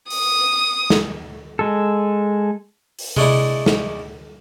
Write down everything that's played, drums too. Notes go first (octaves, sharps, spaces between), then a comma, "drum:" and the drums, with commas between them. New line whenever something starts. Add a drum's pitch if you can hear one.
D#6, drum: open hi-hat
drum: snare
G#3 A4
drum: open hi-hat
G#3 A3 D4 E4, drum: tom C3
drum: snare